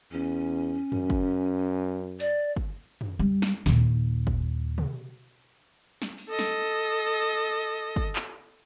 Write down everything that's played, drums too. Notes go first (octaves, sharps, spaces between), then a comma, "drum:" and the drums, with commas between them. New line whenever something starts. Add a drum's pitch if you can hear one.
E2 C#4
F#2, drum: tom
drum: kick
D5, drum: hi-hat
drum: kick
drum: tom
G3
drum: snare
D#2 A#2, drum: snare
drum: kick
drum: tom
drum: snare
drum: open hi-hat
A4 D#5
drum: snare
drum: kick
drum: clap